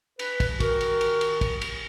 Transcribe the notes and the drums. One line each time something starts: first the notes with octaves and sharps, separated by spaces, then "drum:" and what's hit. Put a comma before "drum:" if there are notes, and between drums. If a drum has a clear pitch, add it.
B4, drum: cymbal
drum: kick, cymbal
D#3 F#4 A#4, drum: kick, cymbal
drum: cymbal
drum: cymbal
drum: cymbal
drum: kick, cymbal
drum: cymbal